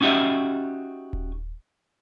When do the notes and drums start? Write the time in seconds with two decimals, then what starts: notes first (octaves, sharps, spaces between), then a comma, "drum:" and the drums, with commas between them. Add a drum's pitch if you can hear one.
0.01 C#4 D#4 F#4 G4 D#5 E5
1.13 drum: kick D#1